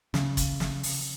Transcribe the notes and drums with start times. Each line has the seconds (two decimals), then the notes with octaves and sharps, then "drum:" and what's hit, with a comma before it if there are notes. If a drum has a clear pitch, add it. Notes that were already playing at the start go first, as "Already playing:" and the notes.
0.14 C#3, drum: snare
0.37 drum: kick, hi-hat
0.60 drum: snare
0.83 drum: open hi-hat